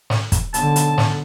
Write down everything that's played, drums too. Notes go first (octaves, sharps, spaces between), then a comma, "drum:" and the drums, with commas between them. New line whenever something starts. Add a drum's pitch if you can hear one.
drum: snare
drum: kick, hi-hat
B1 D3 A5, drum: hi-hat
drum: hi-hat
drum: snare